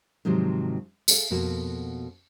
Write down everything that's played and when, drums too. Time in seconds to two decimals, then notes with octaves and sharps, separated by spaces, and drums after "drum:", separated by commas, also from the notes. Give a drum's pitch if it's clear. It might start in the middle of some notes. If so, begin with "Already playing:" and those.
0.25 G#2 C3 D#3 F3 F#3
1.08 G#4 A4 D5 F5, drum: tambourine
1.30 F2 B2 A#3 F#4 A4